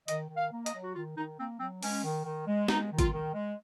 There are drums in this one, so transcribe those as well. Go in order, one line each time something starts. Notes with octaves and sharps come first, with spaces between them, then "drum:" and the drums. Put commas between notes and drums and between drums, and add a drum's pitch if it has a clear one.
D#3 D#5, drum: hi-hat
D#3
F5
A#3
D#5, drum: hi-hat
F#3
F#4
D#3 F4
D#3 D#4
A#3 C4
F#3 C4
G#3 C#4, drum: open hi-hat
D#3
D#3
G#3
G#3 D#4, drum: snare
D#3
F4, drum: kick G#1, hi-hat
D#3
G#3